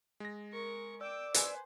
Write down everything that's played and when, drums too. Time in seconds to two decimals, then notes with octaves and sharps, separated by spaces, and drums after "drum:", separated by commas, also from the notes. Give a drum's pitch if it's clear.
0.20 G#3 A#6
0.52 A#4 C#6
1.01 D5 G5 D6 E6
1.34 B4 C5 G#5, drum: hi-hat